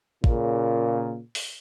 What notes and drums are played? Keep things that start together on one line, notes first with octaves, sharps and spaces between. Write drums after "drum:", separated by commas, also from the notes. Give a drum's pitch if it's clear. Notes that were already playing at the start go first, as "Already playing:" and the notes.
A#2 C#3, drum: kick
drum: open hi-hat